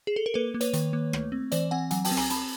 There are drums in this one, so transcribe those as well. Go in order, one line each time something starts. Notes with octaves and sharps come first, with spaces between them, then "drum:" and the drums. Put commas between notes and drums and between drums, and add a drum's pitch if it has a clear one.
G#4
A4
A#4
A#3 A4 B4
A#3
B4 C#5, drum: hi-hat
D#3, drum: hi-hat
A#3
A3, drum: rim click
C4
E3 C5 D5, drum: hi-hat
C4 F#5 G#5
F#3 F#5 G#5, drum: hi-hat
G5 A5, drum: open hi-hat
C4
G#5 A#5, drum: rim click
C4 A5 B5, drum: hi-hat